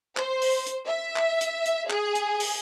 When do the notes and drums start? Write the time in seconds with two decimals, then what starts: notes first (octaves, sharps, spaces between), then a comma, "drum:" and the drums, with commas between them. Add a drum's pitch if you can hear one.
0.17 C5, drum: clap
0.42 drum: open hi-hat
0.67 drum: hi-hat
0.87 E5
1.16 drum: clap
1.41 drum: hi-hat
1.66 drum: hi-hat
1.90 G#4, drum: clap
2.15 drum: hi-hat
2.40 drum: open hi-hat